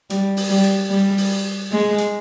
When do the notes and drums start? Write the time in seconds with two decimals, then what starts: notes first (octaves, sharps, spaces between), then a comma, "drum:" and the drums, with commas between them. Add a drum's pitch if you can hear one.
0.10 G3, drum: hi-hat
0.37 drum: open hi-hat
0.50 G3
0.64 drum: hi-hat
0.90 G3
1.17 drum: open hi-hat
1.71 G#3
1.98 drum: hi-hat